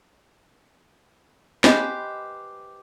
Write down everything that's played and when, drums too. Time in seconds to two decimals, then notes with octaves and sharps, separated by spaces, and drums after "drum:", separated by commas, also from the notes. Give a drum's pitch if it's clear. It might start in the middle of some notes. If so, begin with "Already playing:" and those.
1.64 G4 B4 C5 D#5 G#5 B5, drum: snare